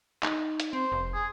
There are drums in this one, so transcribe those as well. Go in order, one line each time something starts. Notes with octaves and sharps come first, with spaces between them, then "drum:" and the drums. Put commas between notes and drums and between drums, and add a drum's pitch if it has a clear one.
D#4, drum: clap
drum: hi-hat
C4 C5
F1
G#4